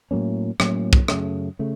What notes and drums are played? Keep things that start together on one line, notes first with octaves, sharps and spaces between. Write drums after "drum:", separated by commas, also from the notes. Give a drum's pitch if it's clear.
A2 F#3 A#3 C#4
A2 F#3 A#3 C#4, drum: rim click
drum: kick
F#2 C#3 A3, drum: rim click
C#3 A3